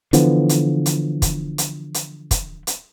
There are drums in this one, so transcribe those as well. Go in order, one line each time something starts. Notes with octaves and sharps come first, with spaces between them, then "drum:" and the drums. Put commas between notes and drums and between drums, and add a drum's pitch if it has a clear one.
D3 E3 F3 B3, drum: hi-hat
drum: hi-hat
drum: hi-hat
drum: kick, hi-hat
drum: hi-hat
drum: hi-hat
drum: kick, hi-hat
drum: hi-hat